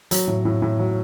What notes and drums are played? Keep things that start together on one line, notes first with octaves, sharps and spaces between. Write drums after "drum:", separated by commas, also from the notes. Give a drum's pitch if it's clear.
F#3, drum: hi-hat
A2
A2
A2
F#3